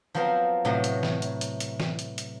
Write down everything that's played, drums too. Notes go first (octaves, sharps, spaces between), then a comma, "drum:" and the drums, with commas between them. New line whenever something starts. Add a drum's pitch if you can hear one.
F3 F#3 B3 C4 A#4
A2 C3 F#3 A3 B3
drum: hi-hat
drum: snare
drum: hi-hat
drum: hi-hat
drum: hi-hat
drum: snare
drum: hi-hat
drum: hi-hat